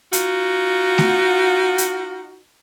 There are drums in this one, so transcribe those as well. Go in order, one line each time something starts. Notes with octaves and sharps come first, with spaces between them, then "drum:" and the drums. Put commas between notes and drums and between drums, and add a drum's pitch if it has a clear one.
D#4 F4 F#4, drum: hi-hat
drum: snare A3
drum: hi-hat